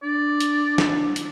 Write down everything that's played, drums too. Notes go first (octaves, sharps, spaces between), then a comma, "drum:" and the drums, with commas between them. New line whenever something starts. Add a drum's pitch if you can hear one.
D4 D5
drum: hi-hat
drum: snare
drum: hi-hat